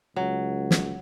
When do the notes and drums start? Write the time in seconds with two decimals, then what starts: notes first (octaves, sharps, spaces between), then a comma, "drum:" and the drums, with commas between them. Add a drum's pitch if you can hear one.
0.16 C#2 F#3
0.71 drum: snare